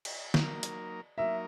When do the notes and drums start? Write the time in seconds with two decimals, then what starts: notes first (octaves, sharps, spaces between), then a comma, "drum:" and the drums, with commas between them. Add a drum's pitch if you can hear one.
0.05 drum: cymbal
0.34 F#3 A#3 D#4 A#4, drum: snare
0.63 drum: hi-hat
1.18 F#3 A#3 D#4 A#4 E5